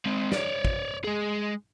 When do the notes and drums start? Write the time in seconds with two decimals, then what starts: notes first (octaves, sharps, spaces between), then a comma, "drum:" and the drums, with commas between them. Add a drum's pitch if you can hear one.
0.06 G#3 C4
0.32 C#5 D5, drum: snare
0.65 drum: kick
1.04 G#3 G#4